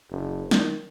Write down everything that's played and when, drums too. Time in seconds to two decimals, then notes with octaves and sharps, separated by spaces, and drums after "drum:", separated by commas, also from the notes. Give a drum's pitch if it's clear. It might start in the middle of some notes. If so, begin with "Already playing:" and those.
0.11 F#1
0.51 D#3, drum: snare